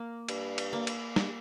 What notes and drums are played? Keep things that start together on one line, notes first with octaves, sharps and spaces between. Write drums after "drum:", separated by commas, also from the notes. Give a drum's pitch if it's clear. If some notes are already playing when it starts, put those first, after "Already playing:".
Already playing: A#3
G2, drum: cymbal
drum: cymbal
A#3
drum: cymbal
drum: snare